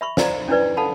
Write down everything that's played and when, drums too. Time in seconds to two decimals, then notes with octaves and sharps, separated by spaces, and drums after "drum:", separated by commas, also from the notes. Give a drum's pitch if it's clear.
0.01 E5 B5 C#6
0.17 C5 D5 F5 A#5, drum: snare
0.48 C#4 D4 E4 B4 D5
0.77 A4 F5 F#5 A5 B5